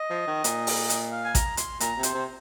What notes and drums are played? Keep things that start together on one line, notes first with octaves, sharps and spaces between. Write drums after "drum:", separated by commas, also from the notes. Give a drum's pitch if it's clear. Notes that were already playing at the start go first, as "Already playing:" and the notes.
Already playing: D#5
F3
D#3
A#2, drum: hi-hat
drum: open hi-hat
drum: hi-hat
F5
G#5
A#5, drum: kick A1, hi-hat
C6, drum: hi-hat
A#2 A#5, drum: hi-hat
C3
C5, drum: hi-hat
C3